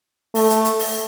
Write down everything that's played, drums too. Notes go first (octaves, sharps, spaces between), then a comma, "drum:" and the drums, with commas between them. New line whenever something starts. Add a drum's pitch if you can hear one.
A3, drum: open hi-hat
drum: hi-hat
drum: hi-hat
drum: open hi-hat